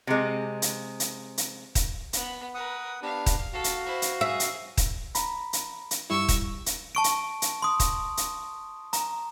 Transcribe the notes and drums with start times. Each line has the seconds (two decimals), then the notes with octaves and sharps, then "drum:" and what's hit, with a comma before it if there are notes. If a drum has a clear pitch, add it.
0.07 C3 G#3
0.62 drum: hi-hat
1.00 drum: hi-hat
1.38 drum: hi-hat
1.75 drum: kick D#1, hi-hat
2.13 B3, drum: hi-hat
2.55 A#4 B4 F#5 D#6
3.02 B3 D4 G4 F5
3.26 drum: kick D#1, hi-hat
3.53 F#4 A4 F5
3.64 drum: hi-hat
3.86 E4 C5
4.02 drum: hi-hat
4.21 G#4 E5
4.40 drum: hi-hat
4.77 drum: kick D#1, hi-hat
5.15 A#5 B5, drum: hi-hat
5.53 drum: hi-hat
5.91 drum: hi-hat
6.10 G2 G3 E4 C#6 E6
6.29 drum: kick D#1, hi-hat
6.66 drum: hi-hat
6.95 A5 C#6 D7
7.04 drum: hi-hat
7.42 drum: hi-hat
7.62 C6 D#6
7.80 drum: kick D#1, hi-hat
8.17 drum: hi-hat
8.93 A#5, drum: hi-hat